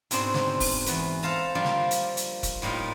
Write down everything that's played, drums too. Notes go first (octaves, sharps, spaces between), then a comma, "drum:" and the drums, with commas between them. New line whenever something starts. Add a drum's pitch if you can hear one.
G#2 B2 C4 D4 C5, drum: hi-hat
drum: snare
drum: kick, open hi-hat
E2 B4, drum: hi-hat
A4 C5 F5 A5 A#5
F3 G3 A#3 D4 F4 D5
drum: snare
drum: hi-hat
drum: hi-hat
drum: kick, hi-hat
A2 G3 A#3 D#4 F4